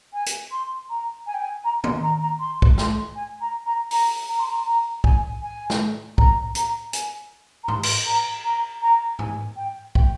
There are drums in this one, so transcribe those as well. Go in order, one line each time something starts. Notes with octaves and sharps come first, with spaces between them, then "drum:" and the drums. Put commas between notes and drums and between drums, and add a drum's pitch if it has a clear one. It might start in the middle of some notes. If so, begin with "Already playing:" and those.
G#5
drum: hi-hat
C6
A#5
G#5
G5
G#5
A#5
C6, drum: tom
A#5
A#5
C6
drum: kick
C6, drum: snare
G#5
A#5
A#5
A#5, drum: open hi-hat
A#5
C6
A#5
A#5
G#5, drum: kick
G#5
drum: snare
A#5, drum: kick
A#5, drum: hi-hat
G#5, drum: hi-hat
A#5
C6, drum: tom G#2
drum: cymbal
A#5
A#5
A#5
G#5, drum: tom G#2
G5
G5, drum: kick